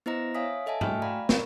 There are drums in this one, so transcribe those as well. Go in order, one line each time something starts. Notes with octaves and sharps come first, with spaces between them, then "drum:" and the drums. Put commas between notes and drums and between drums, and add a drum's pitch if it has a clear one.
B3 E4 C5 D#5 A#5 A#6
C#5 E5 F5 G#5 D#6 B6
A4 D#5 E5 G#5 A5
A3 F#4 G5 G#5 C#6 F6, drum: tom G#2
D5 F5 A#5 B5
A#4 C#6, drum: snare